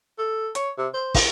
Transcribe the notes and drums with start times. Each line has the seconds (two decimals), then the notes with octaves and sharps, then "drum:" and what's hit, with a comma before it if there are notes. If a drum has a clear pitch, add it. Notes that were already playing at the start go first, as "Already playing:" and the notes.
0.18 A4
0.55 C#5, drum: hi-hat
0.78 C3
0.94 C5
1.15 drum: kick, open hi-hat